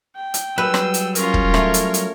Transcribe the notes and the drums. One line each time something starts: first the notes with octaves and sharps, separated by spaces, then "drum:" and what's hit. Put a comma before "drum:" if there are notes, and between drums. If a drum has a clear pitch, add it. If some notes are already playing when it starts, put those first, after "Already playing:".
G5
drum: hi-hat
F#3 G3 G#4 B4 E6
drum: rim click
drum: hi-hat
C#4 F4 A#4 C#5, drum: hi-hat
drum: kick
A3, drum: rim click
drum: hi-hat
drum: hi-hat